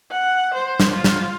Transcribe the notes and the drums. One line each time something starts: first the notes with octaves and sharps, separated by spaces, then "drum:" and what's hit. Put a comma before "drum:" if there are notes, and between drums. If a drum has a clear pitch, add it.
F#5
C5
drum: snare
F4
drum: snare